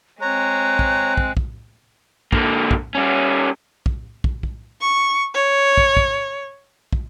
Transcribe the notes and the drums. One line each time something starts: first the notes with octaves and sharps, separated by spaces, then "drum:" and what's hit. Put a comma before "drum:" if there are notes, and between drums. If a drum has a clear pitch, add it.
G#3 C4 C#5 A#5 F#6
drum: kick
drum: kick
drum: kick
D3 A#3, drum: kick
drum: kick
G3 C#4
drum: kick
drum: kick
drum: kick
C#6
C#5
drum: kick
drum: kick
drum: kick